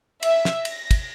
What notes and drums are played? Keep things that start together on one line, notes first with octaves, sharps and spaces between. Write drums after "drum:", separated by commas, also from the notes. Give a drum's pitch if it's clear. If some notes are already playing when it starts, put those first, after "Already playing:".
E5, drum: cymbal
drum: snare
A#6, drum: cymbal
drum: kick, cymbal